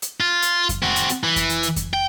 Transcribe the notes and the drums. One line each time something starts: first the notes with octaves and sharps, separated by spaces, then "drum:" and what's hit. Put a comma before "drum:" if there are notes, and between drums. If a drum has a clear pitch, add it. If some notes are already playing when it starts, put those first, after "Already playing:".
drum: hi-hat
F4
drum: hi-hat
drum: kick F2, hi-hat
C4 F#4, drum: snare G#3
drum: hi-hat
drum: hi-hat
E3
drum: kick F2, hi-hat
drum: hi-hat
drum: hi-hat
drum: kick F2, hi-hat
G5